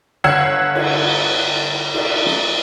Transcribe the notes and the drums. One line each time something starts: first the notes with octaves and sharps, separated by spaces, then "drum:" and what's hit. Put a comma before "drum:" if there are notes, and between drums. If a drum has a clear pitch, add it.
G1 C#5 F#5 E6 G#6 C7
drum: cymbal
drum: cymbal
drum: snare